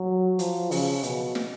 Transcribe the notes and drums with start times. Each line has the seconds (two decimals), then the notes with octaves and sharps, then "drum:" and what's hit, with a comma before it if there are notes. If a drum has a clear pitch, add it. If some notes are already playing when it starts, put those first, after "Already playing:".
Already playing: F#3
0.39 F3, drum: hi-hat
0.71 C#3, drum: open hi-hat
1.03 B2, drum: hi-hat
1.35 drum: snare